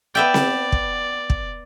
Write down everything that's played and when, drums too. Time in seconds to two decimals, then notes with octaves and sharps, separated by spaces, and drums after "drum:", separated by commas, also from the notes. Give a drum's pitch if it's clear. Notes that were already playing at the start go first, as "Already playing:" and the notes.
0.15 B3 D5 E5 G5
0.34 drum: snare C4
0.72 drum: kick
1.30 drum: kick